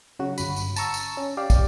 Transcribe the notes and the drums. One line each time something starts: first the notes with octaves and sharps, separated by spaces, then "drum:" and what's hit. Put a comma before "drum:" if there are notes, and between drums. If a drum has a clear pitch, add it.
C#3 F#3 F#4
G1 B5, drum: tambourine
drum: tambourine
A5 A#5 C#6 E6, drum: tambourine
drum: tambourine
C#4
G4 D5 F5
drum: kick, tambourine